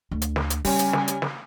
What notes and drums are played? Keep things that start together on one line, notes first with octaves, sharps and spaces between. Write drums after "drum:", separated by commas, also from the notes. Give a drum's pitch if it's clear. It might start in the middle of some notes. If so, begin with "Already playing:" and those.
D2
drum: hi-hat
drum: snare
drum: hi-hat
C#3 G3 C#4 G#5, drum: open hi-hat
drum: hi-hat
drum: snare
drum: hi-hat
drum: snare